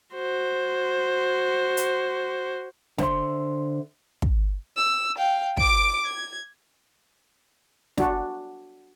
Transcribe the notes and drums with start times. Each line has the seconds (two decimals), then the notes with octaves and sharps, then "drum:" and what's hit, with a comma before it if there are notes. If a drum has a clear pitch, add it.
0.14 F#4 C5
1.77 drum: hi-hat
2.98 D3 C5 E5 C6, drum: snare
4.22 drum: kick
4.76 E6
5.17 F5 G5
5.57 D6 D7, drum: kick
6.06 G#6
7.98 D4 F#4, drum: snare